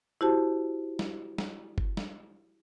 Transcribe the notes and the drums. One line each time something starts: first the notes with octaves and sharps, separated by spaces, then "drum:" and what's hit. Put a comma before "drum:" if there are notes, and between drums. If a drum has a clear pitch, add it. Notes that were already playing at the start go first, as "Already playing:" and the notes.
E4 F#4 G4 C5 A5
drum: snare
drum: snare
drum: kick
drum: snare